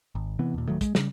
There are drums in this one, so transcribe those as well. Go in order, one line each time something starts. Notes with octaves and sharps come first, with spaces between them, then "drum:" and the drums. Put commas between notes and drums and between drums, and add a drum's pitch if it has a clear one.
G#1
C3 E3 B3
D#2 A#2
D1 D#3 F#3 A3
G#3, drum: kick, hi-hat
C#3 G3, drum: snare